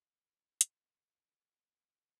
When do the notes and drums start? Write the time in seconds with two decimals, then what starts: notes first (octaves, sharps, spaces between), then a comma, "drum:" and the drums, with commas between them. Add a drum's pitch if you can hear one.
0.23 E4 F4
0.61 B2 A#3 D#4 A4, drum: hi-hat
1.72 A3